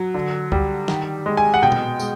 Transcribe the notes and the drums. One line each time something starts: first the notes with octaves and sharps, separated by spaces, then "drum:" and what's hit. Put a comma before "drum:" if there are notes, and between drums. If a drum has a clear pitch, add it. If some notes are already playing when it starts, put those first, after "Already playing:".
Already playing: F#3
D3
G3, drum: kick C#2
D#3, drum: snare
G#3
G#5
F#5
B2 G5
drum: tom A#2
G#3, drum: tambourine